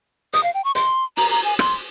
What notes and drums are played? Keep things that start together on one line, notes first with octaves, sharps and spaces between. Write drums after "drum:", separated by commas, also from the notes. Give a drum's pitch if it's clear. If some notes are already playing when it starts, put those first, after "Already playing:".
D#6, drum: hi-hat
F5
G5
C#6
C6, drum: hi-hat
A#5, drum: open hi-hat
A#5
G#5
C6, drum: rim click